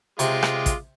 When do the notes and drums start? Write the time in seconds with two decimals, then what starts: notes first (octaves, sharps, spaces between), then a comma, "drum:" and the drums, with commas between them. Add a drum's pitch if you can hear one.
0.19 C3 G#3 F4 D6, drum: hi-hat
0.43 drum: rim click
0.66 drum: kick, hi-hat